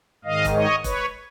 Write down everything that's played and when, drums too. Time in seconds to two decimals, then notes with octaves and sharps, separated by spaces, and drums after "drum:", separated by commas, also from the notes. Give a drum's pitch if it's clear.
0.24 G#2 D#3 D#5 F5
0.45 drum: kick E1, hi-hat
0.55 C#5 D#5
0.84 B4 C#5, drum: kick E1, hi-hat